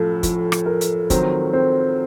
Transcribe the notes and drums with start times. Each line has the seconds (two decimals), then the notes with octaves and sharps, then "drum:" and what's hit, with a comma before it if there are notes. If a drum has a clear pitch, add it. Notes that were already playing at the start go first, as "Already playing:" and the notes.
Already playing: F#2 A2 F3
0.23 F3, drum: kick, hi-hat
0.52 drum: rim click
0.66 A#4
0.81 drum: hi-hat
1.10 D#3 F#3 C4, drum: kick, hi-hat
1.53 C4